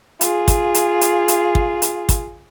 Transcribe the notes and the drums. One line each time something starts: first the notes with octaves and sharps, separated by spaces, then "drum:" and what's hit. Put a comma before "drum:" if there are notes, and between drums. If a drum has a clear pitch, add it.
F4 G#4, drum: hi-hat
drum: kick, hi-hat
drum: hi-hat
drum: hi-hat
drum: hi-hat
drum: kick
drum: hi-hat
drum: kick, hi-hat